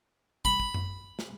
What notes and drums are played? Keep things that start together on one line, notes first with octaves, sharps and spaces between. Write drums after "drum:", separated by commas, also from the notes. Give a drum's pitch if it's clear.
B5, drum: kick
drum: kick
drum: tom F#2
drum: snare